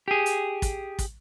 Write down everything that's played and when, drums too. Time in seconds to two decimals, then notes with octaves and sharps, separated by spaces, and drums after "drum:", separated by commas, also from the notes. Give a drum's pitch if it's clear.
0.08 G4 G#4
0.26 drum: hi-hat
0.62 drum: kick, hi-hat
0.99 drum: kick, hi-hat